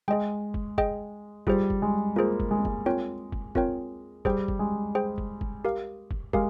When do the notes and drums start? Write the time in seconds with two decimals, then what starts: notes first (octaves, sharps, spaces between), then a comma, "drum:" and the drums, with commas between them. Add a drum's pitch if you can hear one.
0.08 G#3 G#4 D#5 G5
0.54 drum: kick
0.78 G#4 D#5 G5, drum: kick
1.47 G3 F4 G#4 C5, drum: kick
1.70 drum: kick
1.82 G#3
2.16 A#3 F4 G#4 C5
2.40 drum: kick
2.51 G#3
2.59 A#3
2.65 G#3, drum: kick
2.86 C4 F4 A#4 C#5 G5
3.32 drum: kick
3.55 C4 F4 A#4 C#5 G5, drum: kick
4.25 G3 G#4 C5 G5, drum: kick
4.48 drum: kick
4.59 G#3
4.95 G#4 C5 G5
5.18 drum: kick
5.41 drum: kick
5.65 G4 A#4 F5
6.11 drum: kick
6.33 G#3 G4 A#4 F5, drum: kick